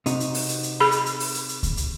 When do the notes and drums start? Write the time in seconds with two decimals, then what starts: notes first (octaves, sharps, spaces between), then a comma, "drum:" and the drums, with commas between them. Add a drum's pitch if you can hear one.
0.06 C3 D#4 F#4, drum: hi-hat
0.20 drum: hi-hat
0.34 drum: open hi-hat
0.49 drum: hi-hat
0.63 drum: hi-hat
0.80 G#4 B5
0.91 drum: hi-hat
1.06 drum: hi-hat
1.20 drum: open hi-hat
1.34 drum: hi-hat
1.49 drum: hi-hat
1.63 drum: kick C#2, hi-hat
1.77 drum: hi-hat